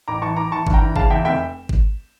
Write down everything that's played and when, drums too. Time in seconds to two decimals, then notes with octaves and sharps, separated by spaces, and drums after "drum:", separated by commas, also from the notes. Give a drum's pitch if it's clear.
0.08 A1 A#5 D6
0.22 E3 A5 C#6
0.36 E3 A#5 D6
0.51 E3 A5 C#6
0.67 G2, drum: kick G#1
0.73 G5 A#5
0.81 E3
0.96 C#3 F5 A5, drum: kick G#1
1.10 E2 E5 G5
1.25 F1 E5 G5
1.69 drum: kick G#1